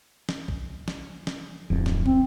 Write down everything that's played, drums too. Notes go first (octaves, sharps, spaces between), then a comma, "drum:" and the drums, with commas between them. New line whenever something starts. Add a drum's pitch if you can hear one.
drum: snare
drum: kick
drum: snare
drum: snare
D1 F2
drum: snare
C4, drum: kick